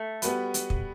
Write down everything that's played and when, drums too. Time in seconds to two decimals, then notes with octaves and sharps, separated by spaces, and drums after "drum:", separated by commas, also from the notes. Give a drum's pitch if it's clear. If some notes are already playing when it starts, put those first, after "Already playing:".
Already playing: A3
0.22 G3 B3 F#4 B4, drum: hi-hat
0.54 drum: hi-hat
0.70 drum: kick